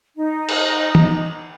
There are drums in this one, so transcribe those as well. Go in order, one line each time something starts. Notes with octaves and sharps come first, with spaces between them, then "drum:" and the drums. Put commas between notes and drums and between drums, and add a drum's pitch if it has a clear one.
D#4
drum: cymbal
drum: tom